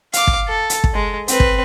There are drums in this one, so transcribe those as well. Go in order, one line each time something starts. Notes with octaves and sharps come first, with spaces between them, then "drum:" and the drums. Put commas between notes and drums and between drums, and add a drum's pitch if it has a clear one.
F5 D6, drum: hi-hat
drum: kick
A4
drum: hi-hat
drum: kick
G#3
C4 B4, drum: hi-hat
drum: kick